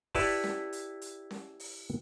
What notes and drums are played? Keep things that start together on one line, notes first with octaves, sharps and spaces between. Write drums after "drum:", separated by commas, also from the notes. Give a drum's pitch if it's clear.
E4 G4 B4 C#5 D5 A5, drum: kick, open hi-hat
drum: snare C#4
drum: hi-hat
drum: hi-hat
drum: snare C#4
drum: open hi-hat